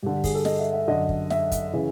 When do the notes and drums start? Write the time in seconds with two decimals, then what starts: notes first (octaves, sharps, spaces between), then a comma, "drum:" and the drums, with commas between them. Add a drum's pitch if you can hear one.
0.03 G2 D3 G4
0.13 G4
0.24 G#4, drum: kick, open hi-hat
0.34 A4
0.45 D#5, drum: snare
0.59 E5
0.73 E5
0.88 F#2 D3 D#5
1.09 drum: kick
1.30 E5, drum: snare
1.52 drum: kick, hi-hat
1.73 C#3 E3